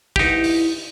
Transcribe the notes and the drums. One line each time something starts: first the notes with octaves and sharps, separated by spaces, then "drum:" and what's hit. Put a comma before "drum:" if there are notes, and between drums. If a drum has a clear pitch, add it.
G#2 E3 D#4 G4, drum: kick
drum: open hi-hat